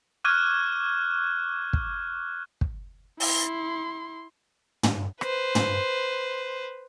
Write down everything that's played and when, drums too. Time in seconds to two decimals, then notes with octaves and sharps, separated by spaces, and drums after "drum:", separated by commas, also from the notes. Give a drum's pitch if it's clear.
0.24 C#6 D6 F6 F#6 G#6 D#7
1.73 drum: kick
2.61 drum: kick
3.20 E4 C6, drum: open hi-hat
4.83 drum: tom
5.21 B4 C5, drum: rim click
5.55 drum: tom